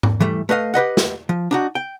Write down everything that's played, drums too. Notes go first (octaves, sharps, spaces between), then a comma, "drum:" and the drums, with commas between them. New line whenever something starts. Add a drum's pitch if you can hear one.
drum: tom G#2
E3 G3 A3
A3 B4 D#5 F5
G4 B4 D#5 F#5
drum: snare
F3
D4 D#4 F#4
G5